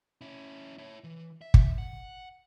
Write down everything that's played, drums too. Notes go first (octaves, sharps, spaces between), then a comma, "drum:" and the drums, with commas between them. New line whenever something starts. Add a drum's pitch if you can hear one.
C#4 E4
E4 C#5
E3
E5
drum: kick
F#5